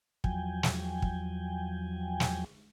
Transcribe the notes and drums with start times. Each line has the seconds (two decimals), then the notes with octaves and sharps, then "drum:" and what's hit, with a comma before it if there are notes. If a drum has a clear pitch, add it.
0.24 E2 F3 F#3 G5 G#5, drum: kick
0.63 drum: snare
1.02 drum: kick
2.20 drum: snare